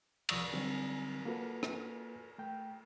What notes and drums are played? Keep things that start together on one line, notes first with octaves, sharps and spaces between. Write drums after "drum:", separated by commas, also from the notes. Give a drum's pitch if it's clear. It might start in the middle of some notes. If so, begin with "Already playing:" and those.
C2 F3 C#6 D#6 E6, drum: cymbal
D3 F#3 G3 C4 D#4
A#3 F4 F#4 A4 B4
drum: rim click
A3 G5